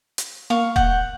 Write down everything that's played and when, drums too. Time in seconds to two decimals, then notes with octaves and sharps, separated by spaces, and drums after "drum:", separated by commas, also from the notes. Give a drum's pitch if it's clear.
0.18 drum: hi-hat
0.50 A#3 F5 C#6
0.76 F#5 G6, drum: kick D#1